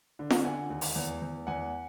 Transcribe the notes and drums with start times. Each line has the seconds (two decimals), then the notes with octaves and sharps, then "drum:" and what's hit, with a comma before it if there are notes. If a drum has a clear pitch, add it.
0.19 D3
0.30 drum: snare
0.44 D3 F#5 G#5
0.70 D#2
0.81 drum: open hi-hat
0.96 E2
1.22 E2
1.47 E2 F#5 G#5